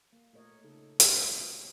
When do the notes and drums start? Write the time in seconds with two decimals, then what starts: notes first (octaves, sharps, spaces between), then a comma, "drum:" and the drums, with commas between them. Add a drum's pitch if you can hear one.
0.13 A#3
0.33 A#2 A3 A#4 C#5 D#5
0.63 C#3 D#4 A4
1.00 G#3 C#4 D4 F4, drum: hi-hat
1.16 B2 A#3 D4
1.35 C4 G#4 D#5